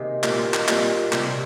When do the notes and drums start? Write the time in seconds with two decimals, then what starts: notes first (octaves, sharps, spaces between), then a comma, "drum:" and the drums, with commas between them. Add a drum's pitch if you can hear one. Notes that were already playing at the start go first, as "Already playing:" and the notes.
Already playing: C3 D#3 A#3 G#4
0.24 A#2 G3 C4 G4, drum: clap
0.39 F4
0.54 D#4, drum: clap
0.68 A#2 G3 C4, drum: clap
1.13 C3 G3 C4, drum: clap